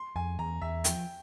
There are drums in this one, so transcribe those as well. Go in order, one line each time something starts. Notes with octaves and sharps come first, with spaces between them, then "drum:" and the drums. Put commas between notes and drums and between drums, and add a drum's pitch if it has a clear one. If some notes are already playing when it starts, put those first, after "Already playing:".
Already playing: C6
F2 G#5
E2 A#5
E2 E5
F3 G5, drum: hi-hat